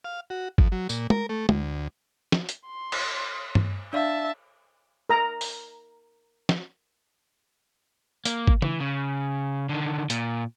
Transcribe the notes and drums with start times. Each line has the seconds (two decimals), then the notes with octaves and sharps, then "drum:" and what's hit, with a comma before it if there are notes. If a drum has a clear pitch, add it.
0.04 F5
0.30 F#4
0.58 F2, drum: kick
0.72 F#3
0.89 A#2, drum: tambourine
1.10 A#4, drum: tom
1.29 A3
1.49 D2, drum: tom
2.32 drum: snare
2.49 drum: hi-hat
2.66 C6
2.92 drum: cymbal
3.55 drum: tom G2
3.93 D4 D5 E5 F5 A5
5.09 A#4 A#5
5.41 drum: open hi-hat
6.49 drum: snare
8.25 A#3, drum: hi-hat
8.47 drum: kick
8.62 E3, drum: tom
8.80 C#3
9.69 D3 D#3
10.10 A#2, drum: hi-hat